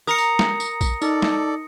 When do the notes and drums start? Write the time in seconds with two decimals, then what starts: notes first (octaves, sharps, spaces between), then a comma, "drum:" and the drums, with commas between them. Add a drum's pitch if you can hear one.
0.07 A#4 D#6 A#6 C#7
0.18 drum: tambourine
0.39 drum: snare
0.60 drum: tambourine
0.81 drum: kick A#1, tambourine
1.02 D#4 A4 D5, drum: tambourine
1.22 drum: snare